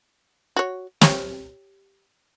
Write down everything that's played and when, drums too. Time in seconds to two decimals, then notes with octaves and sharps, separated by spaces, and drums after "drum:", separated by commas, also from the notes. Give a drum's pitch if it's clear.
0.56 F#4 C#5
1.01 G4 C#5, drum: snare